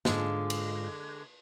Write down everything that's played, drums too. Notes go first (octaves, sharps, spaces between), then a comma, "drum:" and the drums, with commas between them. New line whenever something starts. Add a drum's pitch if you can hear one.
G#2 D3 G#3 F4, drum: snare
drum: cymbal